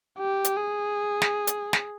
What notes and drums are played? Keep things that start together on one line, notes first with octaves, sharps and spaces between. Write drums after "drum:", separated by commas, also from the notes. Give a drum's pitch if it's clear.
G4
drum: hi-hat
G#4
drum: snare
drum: hi-hat
drum: snare